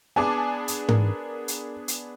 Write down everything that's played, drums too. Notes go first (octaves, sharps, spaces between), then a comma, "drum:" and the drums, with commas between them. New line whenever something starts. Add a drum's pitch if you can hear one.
B3 D4 G#4 G#5 A5 D6
drum: hi-hat
A#4, drum: tom G#2
drum: hi-hat
drum: hi-hat